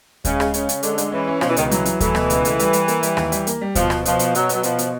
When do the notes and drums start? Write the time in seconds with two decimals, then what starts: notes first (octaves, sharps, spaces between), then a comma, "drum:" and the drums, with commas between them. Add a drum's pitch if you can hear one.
0.25 C#3 G#3, drum: kick D2, hi-hat
0.40 G#3, drum: rim click
0.54 C#3 C#4, drum: hi-hat
0.69 C#4, drum: hi-hat
0.83 D3 G#3, drum: hi-hat
0.98 G#3, drum: hi-hat
1.12 E3 C#4
1.27 C#4
1.41 B2 F3, drum: rim click
1.49 E3
1.56 C#2 D#3, drum: hi-hat
1.65 E3
1.71 F#3, drum: hi-hat
1.85 F#3, drum: hi-hat
2.00 E3 A3, drum: kick D2, hi-hat
2.15 B2, drum: rim click
2.30 C#2, drum: hi-hat
2.45 A3, drum: hi-hat
2.59 G3, drum: hi-hat
2.73 G3, drum: hi-hat
2.88 A#3, drum: hi-hat
3.03 G3, drum: hi-hat
3.17 D#2, drum: rim click
3.32 G3, drum: hi-hat
3.47 A#3, drum: hi-hat
3.61 G3
3.75 B2 F3, drum: kick D2, hi-hat
3.90 B3, drum: rim click
4.05 B2 F3, drum: hi-hat
4.19 B3, drum: hi-hat
4.35 B2 F#3, drum: hi-hat
4.49 F#3 B3, drum: hi-hat
4.63 B2 F3, drum: hi-hat
4.79 B2, drum: hi-hat